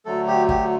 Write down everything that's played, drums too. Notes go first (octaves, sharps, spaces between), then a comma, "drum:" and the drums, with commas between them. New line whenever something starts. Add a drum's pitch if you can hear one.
D2 D3 F#3 A3 A4
G4
G4, drum: kick